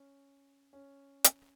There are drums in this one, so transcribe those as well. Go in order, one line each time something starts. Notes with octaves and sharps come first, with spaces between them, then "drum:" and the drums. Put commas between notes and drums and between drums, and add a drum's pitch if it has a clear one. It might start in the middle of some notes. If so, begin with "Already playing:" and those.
Already playing: C#4
C#4
drum: hi-hat